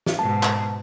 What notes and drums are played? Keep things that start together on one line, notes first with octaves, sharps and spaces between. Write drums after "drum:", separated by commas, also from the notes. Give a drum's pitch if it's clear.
drum: snare
G#2 B2 A5
drum: clap